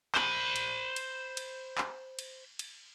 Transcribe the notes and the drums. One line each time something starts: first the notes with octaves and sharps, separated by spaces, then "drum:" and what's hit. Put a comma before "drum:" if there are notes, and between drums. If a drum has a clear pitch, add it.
C5 B5, drum: clap
drum: cymbal
drum: cymbal
drum: cymbal
drum: clap
drum: cymbal
drum: cymbal